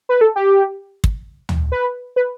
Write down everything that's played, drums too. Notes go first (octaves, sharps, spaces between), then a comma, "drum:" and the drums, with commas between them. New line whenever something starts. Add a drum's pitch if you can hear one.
B4
A4
G4
drum: kick
drum: tom
B4
B4